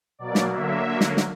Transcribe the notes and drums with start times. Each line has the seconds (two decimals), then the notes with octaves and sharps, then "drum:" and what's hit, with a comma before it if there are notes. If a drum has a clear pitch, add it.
0.19 B2 F#3 A#3 D5
0.35 drum: snare
0.51 D3 F#3 A#3 E5
0.84 D3 F#3 A#3
1.01 drum: snare
1.17 drum: snare